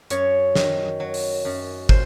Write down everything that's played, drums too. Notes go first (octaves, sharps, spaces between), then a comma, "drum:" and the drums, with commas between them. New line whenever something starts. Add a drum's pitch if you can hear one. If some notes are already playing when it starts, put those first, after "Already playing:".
F#2 C#5, drum: hi-hat
D#3, drum: snare
F#3
drum: open hi-hat
F#2
C5, drum: kick